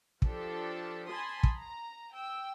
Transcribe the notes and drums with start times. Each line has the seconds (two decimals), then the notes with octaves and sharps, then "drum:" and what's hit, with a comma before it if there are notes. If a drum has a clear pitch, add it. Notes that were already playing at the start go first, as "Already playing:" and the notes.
0.22 F3 D4 G4 A4, drum: kick
1.08 G#5 A5 B5 C6 D#6
1.43 drum: kick
1.56 A#5
2.12 G5 E6